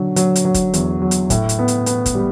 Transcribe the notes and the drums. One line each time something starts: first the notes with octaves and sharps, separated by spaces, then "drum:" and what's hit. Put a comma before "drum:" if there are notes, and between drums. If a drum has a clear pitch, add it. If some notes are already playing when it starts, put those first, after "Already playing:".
Already playing: D3 F#3
F#3, drum: hi-hat
drum: hi-hat
F#3
drum: kick, hi-hat
E2, drum: hi-hat
F#3
drum: hi-hat
A2, drum: kick, hi-hat
drum: hi-hat
B3
drum: hi-hat
B3, drum: hi-hat
drum: kick, hi-hat
G3